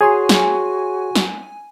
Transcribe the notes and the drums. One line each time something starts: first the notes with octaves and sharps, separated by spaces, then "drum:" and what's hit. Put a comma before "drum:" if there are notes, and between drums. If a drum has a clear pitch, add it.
F#4 G#4 C#5 G#5 C6
drum: snare
drum: snare